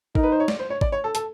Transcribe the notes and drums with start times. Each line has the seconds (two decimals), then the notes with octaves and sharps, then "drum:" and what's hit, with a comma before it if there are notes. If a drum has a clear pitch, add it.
0.15 D#4 A#4, drum: kick G#1
0.23 B4
0.32 C5
0.40 C#5
0.48 D5, drum: snare
0.59 C5
0.70 C#5
0.81 D5, drum: kick G#1
0.92 C#5
1.04 A4
1.15 A4, drum: hi-hat